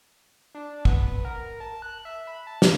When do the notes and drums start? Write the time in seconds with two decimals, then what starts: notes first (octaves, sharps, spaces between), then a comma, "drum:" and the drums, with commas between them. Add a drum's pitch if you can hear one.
0.55 D4
0.85 B3, drum: kick
1.25 A#4
1.60 A5
1.82 F#6
2.05 E5
2.27 B5
2.47 A5
2.62 drum: snare